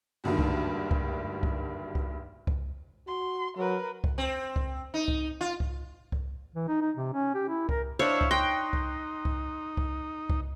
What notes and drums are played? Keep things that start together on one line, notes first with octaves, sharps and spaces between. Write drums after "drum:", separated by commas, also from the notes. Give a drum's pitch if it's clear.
F#1 D2 G2 D#3
drum: kick C2
drum: kick C2
drum: kick C2
drum: kick C2
drum: kick C2
F#4 C6
F#3 A#4 B4
drum: kick C2
C4
drum: kick C2
D#4
drum: kick C2
F4
drum: kick C2
drum: kick C2
E3
D#4
D#4
C3
C#4
G4
E4
A#4, drum: kick C2
D4 E4 C5 C#5 E5 F5
drum: kick C2
D#4 G5 C6 F#6 A#6
drum: kick C2
drum: kick C2
drum: kick C2
drum: kick C2